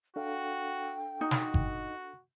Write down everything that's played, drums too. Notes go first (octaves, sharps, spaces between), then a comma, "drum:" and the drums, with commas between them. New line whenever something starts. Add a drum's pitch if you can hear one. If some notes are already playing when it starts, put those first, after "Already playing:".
D4 F#4 A4 F5 G5
D#4 F#4
drum: snare
drum: kick G1